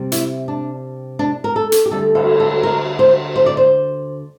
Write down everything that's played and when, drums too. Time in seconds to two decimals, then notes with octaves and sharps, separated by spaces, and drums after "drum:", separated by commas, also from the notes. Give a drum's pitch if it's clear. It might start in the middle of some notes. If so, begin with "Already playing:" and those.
Already playing: C3 G3
0.12 E4, drum: hi-hat
0.48 D4
1.19 D4
1.44 A#4
1.56 A4
1.72 drum: hi-hat
1.86 G4
1.91 D2 D3 G3 A4
2.15 A4, drum: cymbal
2.40 A4
2.63 A#4
2.99 C5
3.36 C5
3.46 D5
3.57 C5